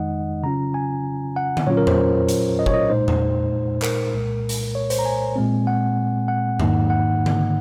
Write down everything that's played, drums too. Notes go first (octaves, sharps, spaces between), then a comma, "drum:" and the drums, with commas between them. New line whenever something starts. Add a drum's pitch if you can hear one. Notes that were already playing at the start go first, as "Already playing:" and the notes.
Already playing: F2 D#3 G#3 D#4 D#5 F#5
C#3 F#3 C#4 F4 A#5
G#5
F#5
drum: tom D3
A#2 F#3 C#4 F4 C#5
A#4
C5, drum: tom E2
drum: hi-hat
D#5
C#5, drum: kick
D#5
A#2 G#3 D#4 C5
drum: tom E2
A#4, drum: clap
C2 A#2 G#3
drum: hi-hat
C#5
C5, drum: hi-hat
A#5
G#5
A#2 G#3 C4
F#5
F#5
G#2 D#3 A#3 D#4, drum: tom E2
F#5
drum: tom D3